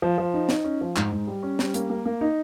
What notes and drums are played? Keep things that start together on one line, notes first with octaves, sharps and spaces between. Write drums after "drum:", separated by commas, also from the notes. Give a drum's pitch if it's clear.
F3
F3
D#4
D#4, drum: snare
C#4
F3
G#2, drum: clap
G#2
G3
C#4
G3, drum: snare
A#3, drum: hi-hat
A#3
A#3
D#4